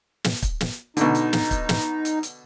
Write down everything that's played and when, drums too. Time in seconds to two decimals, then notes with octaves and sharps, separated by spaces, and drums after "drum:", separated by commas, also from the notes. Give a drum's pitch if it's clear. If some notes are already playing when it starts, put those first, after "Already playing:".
0.24 drum: snare
0.42 drum: kick, hi-hat
0.61 drum: snare
0.97 B2 D3 D#4, drum: hi-hat
1.15 drum: hi-hat
1.33 drum: snare
1.51 drum: kick, hi-hat
1.69 drum: snare
2.05 drum: hi-hat
2.23 drum: hi-hat